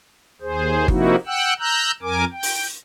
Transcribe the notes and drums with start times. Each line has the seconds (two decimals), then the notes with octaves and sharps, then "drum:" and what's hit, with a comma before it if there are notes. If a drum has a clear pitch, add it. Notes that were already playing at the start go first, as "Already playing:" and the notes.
0.42 D#2 G#4 C5
0.88 C3 F3 A#3 D#4 E4 F#4, drum: kick G1
1.27 F#5 G5 E6 F#6
1.60 A#5 E6 F#6 G6
2.03 F2 A#4 G#5 D6
2.32 G5
2.43 drum: open hi-hat